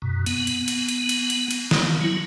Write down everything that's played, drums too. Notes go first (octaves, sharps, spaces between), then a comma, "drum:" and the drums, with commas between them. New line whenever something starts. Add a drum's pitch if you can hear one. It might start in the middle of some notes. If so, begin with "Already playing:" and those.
F#2 B2
B3, drum: cymbal
drum: cymbal
drum: cymbal
drum: cymbal
drum: cymbal
drum: cymbal
drum: cymbal
drum: snare D#3
F#3 E4